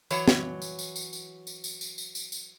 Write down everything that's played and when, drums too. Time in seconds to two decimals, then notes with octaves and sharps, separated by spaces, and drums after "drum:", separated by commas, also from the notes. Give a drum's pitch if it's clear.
0.11 E3 F#3 C#5, drum: tambourine
0.28 drum: snare
0.62 drum: tambourine
0.79 drum: tambourine
0.96 drum: tambourine
1.13 drum: tambourine
1.47 drum: tambourine
1.64 drum: tambourine
1.81 drum: tambourine
1.98 drum: tambourine
2.15 drum: tambourine
2.32 drum: tambourine